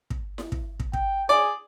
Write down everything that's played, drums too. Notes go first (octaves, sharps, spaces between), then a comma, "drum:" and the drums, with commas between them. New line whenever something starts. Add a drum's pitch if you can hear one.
drum: kick
drum: snare E4
drum: kick
drum: kick
G5, drum: kick
G#4 D5